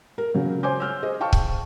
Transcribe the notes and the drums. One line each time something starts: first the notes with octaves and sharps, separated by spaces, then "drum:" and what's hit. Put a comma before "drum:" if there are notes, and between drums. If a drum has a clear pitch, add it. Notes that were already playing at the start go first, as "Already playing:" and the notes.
A#4
C#3 F#3
C5 C#5 G#5 C6 D6 G6
E6 F6 G6
G#4 C5 D#5
F5 G5 A5 C#6 F6
drum: kick